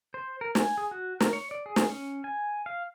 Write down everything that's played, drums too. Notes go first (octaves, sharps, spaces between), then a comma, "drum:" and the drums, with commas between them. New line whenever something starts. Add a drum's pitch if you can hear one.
C5
A#4
G#5, drum: snare
G#4
F#4
A#4, drum: snare
C#5
D5
G#4
drum: snare
C#4
G#5
F5